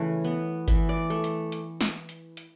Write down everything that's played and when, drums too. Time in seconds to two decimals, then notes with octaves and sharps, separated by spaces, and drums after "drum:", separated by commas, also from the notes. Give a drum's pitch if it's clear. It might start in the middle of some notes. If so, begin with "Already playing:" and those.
Already playing: C#3 E3 A3
0.24 B3
0.68 E3 E5, drum: kick G1, hi-hat
0.89 D5
1.10 A3
1.24 drum: hi-hat
1.52 drum: hi-hat
1.81 drum: snare
2.09 drum: hi-hat
2.37 drum: hi-hat